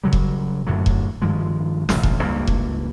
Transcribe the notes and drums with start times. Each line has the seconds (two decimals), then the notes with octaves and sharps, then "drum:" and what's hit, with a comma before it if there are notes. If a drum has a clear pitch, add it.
0.04 C#3 F#3 G3
0.13 drum: kick E1
0.67 F#2 A2 D3 F#3
0.86 drum: kick E1
1.22 G2 D#3 F3 G#3
1.89 D#1 A1 C3, drum: snare
2.03 drum: kick E1
2.23 C#2 G2 A#3
2.47 drum: kick E1